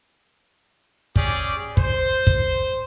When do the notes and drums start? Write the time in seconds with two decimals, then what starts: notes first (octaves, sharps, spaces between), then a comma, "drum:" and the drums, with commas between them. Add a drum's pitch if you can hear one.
1.16 C#4 G4 G#4 D5, drum: kick
1.77 C5, drum: kick
2.27 drum: kick